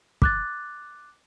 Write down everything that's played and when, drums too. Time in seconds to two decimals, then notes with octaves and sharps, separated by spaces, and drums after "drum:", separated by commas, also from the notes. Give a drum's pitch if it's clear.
0.22 D6 F#6 A6, drum: kick